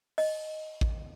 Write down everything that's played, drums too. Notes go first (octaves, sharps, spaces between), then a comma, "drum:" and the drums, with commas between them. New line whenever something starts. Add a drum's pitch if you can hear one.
D#5, drum: open hi-hat
drum: kick A1